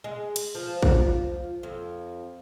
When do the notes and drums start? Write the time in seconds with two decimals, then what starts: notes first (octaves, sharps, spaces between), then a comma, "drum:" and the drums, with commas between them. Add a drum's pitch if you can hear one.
0.04 G#3
0.36 drum: cymbal
0.55 F3
0.82 drum: kick
1.63 F2